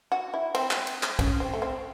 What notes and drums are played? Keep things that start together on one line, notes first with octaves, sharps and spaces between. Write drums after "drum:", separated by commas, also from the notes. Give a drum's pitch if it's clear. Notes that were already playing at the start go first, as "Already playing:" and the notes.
F#4
E4
C4, drum: cymbal
drum: clap
drum: cymbal
drum: clap
C#4, drum: kick B1, cymbal
C4
A3
C4